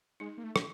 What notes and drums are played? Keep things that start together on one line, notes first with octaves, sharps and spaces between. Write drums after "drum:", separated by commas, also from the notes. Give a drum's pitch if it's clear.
G#3 D#4
A#3
A3
drum: rim click